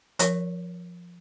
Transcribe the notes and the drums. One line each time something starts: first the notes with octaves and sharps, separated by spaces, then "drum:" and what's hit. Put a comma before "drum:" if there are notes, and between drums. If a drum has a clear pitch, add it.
F3 A#4 C#5, drum: hi-hat